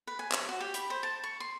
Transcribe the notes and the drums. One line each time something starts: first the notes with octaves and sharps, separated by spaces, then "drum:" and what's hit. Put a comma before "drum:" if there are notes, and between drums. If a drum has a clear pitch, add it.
B4
G#5
C#5, drum: clap
F#4
G4
B5, drum: hi-hat
C5
A5
C#6
C6